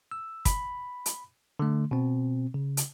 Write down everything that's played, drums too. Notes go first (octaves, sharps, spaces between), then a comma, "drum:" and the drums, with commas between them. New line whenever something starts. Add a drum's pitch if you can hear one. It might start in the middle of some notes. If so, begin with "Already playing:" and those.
E6
B5, drum: kick, hi-hat
drum: hi-hat
D3 A3
B2 C4
C#3
drum: hi-hat